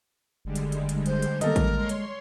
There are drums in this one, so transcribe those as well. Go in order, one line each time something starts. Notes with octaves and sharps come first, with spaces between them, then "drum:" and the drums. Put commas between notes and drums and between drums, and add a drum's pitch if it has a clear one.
F#1 D3 G3 G#3
drum: hi-hat
drum: hi-hat
drum: hi-hat
C5, drum: hi-hat
drum: hi-hat
D#3 A#3 A4 A#4 D#5, drum: hi-hat
drum: kick A1, hi-hat
G#3 C#5 C6
drum: hi-hat